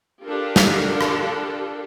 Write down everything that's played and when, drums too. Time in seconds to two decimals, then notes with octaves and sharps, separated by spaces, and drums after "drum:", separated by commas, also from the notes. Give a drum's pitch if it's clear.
0.23 D4 F4 G4 A4 A#4
0.56 drum: snare
1.01 drum: rim click